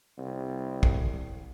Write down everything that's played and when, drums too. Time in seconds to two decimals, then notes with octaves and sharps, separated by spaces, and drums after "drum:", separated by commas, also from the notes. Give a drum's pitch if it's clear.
0.18 C2
0.83 drum: kick